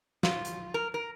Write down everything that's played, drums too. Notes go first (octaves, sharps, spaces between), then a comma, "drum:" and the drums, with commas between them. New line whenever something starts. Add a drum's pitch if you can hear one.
F4, drum: snare
drum: hi-hat
A#4
A#4